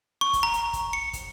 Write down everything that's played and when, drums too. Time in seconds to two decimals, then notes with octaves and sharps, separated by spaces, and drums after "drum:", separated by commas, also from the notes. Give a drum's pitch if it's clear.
0.21 C#6
0.33 drum: kick, hi-hat
0.43 A#5
0.53 drum: hi-hat
0.73 drum: kick, hi-hat
0.93 C#7
1.13 drum: kick, hi-hat